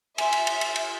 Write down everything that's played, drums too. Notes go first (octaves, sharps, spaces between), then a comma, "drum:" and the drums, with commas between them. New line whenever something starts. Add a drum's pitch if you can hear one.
E5 G#5 C6, drum: cymbal
drum: cymbal
drum: cymbal
drum: cymbal
drum: cymbal